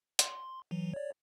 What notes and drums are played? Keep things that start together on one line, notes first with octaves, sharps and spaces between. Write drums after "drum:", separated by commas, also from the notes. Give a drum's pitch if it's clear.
C6, drum: hi-hat
E3 F#3
C#5 D5